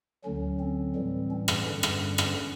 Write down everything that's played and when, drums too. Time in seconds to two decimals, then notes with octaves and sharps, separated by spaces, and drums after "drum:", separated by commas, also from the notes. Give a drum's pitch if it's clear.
0.24 D2 D3 F#3 C#4
0.60 C4
0.95 A2 E3 G3
1.30 C#4
1.48 drum: rim click
1.66 G2 D3 G3 C#4
1.83 drum: rim click
2.18 drum: rim click